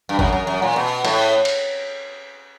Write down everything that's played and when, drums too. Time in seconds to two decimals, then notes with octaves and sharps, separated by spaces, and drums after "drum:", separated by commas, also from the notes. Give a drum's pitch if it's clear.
0.09 G2
0.19 F#2, drum: kick G1
0.33 F#2
0.47 F#2
0.62 A#2
0.76 B2
1.05 A2, drum: cymbal
1.45 drum: cymbal